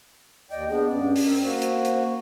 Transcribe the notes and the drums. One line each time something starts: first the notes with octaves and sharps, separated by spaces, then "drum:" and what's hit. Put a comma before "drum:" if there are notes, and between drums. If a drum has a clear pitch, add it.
D#2 D5 D#5 G5
B3 D4 G#4
G2 C#4 D5
drum: open hi-hat
C4 A#4
A#3 F#4 C5
drum: hi-hat
drum: hi-hat